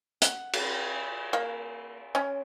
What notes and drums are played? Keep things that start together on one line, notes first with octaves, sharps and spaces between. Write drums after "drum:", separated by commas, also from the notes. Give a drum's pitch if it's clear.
F#5, drum: hi-hat
drum: cymbal
A#3
C#4